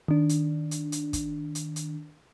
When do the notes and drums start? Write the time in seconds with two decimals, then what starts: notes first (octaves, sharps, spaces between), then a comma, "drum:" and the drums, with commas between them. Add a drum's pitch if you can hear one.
0.08 D#3 D4
0.29 drum: hi-hat
0.71 drum: hi-hat
0.92 drum: hi-hat
1.13 drum: kick, hi-hat
1.55 drum: hi-hat
1.76 drum: hi-hat